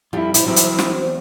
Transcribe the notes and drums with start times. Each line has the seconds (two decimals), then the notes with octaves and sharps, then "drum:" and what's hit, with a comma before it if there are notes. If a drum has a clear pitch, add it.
0.13 F2 G3 E4 F4
0.34 F3 G3 C4 E4, drum: hi-hat
0.46 E3 F#3 C4 E4
0.56 drum: hi-hat
0.78 drum: snare
1.05 E2